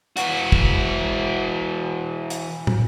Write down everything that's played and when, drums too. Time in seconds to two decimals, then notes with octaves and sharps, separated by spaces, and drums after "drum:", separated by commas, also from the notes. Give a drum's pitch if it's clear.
0.17 E3 F#4, drum: hi-hat
0.52 drum: kick
2.30 drum: hi-hat
2.67 drum: tom